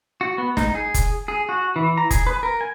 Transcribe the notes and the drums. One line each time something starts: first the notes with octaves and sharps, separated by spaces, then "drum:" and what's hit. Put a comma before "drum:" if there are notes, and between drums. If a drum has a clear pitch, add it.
F#4
B3
D#4, drum: snare
G#4
drum: kick F1, hi-hat
G#4
F#4
E3
A#5
G#4, drum: kick F1, hi-hat
B4
A#4
G#5